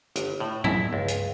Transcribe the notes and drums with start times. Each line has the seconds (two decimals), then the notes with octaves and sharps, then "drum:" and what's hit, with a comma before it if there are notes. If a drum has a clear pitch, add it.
0.16 G1, drum: hi-hat
0.40 A2
0.64 E4, drum: tom G2
0.93 C#2
1.08 drum: hi-hat